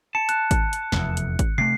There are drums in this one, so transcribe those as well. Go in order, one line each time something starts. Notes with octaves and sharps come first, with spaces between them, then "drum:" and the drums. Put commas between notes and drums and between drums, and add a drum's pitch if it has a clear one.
A5 C#7
F#6, drum: hi-hat
drum: kick G#1, hi-hat
drum: hi-hat
F1 E2, drum: snare
drum: hi-hat
drum: kick G#1, hi-hat
C3 A3 C7